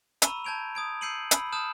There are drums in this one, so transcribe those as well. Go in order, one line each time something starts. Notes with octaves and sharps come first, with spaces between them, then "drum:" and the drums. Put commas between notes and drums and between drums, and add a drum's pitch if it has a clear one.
A#5 B5 C#6 E6 D#7, drum: hi-hat
A5 G6 G#6 D7 F7
D#6 G#6 D7
E6 G6 C7 C#7 D#7 F#7
B5 E6, drum: hi-hat
A5 D#6 F6 G6 E7